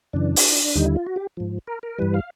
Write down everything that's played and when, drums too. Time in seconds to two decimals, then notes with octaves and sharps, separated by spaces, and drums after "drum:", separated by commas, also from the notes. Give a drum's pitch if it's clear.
0.13 F#2 C#3 E3 D4
0.36 drum: open hi-hat
0.75 D#2 D3 G3 D#4
0.86 E4
0.96 F4
1.06 F#4
1.16 G4
1.37 G#2 F3
1.67 A#4
1.83 A#4
1.98 G2 E3 G3 B4
2.14 F5